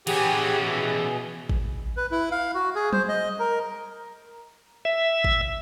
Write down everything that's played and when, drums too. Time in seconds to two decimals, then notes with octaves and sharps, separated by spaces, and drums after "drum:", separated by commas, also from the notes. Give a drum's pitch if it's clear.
0.07 E3 C#4 G4 G#4 F#5, drum: cymbal
0.61 B2 G#4
1.49 drum: kick A1
1.97 B4
2.11 E4
2.32 F5
2.55 F#4
2.75 G#4
2.93 C5, drum: tom F#3
3.09 D#5
3.39 A#4
4.85 E5
5.24 drum: kick A1